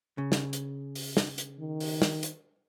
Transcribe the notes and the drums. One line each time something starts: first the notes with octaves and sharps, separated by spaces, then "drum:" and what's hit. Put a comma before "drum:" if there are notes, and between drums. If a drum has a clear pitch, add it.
C#3
drum: snare
drum: hi-hat
drum: open hi-hat
drum: snare
drum: hi-hat
D#3
drum: open hi-hat
drum: snare
drum: hi-hat